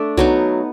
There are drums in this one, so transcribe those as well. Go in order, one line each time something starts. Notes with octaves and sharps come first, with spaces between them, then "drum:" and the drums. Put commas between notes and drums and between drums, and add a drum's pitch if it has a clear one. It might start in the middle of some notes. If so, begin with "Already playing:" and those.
Already playing: A3 D4 D5
F#3 B3 D#4, drum: kick C2